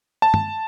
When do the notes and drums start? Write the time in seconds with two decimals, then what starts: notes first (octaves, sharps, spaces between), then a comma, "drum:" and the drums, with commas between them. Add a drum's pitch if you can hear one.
0.22 A5
0.34 drum: tom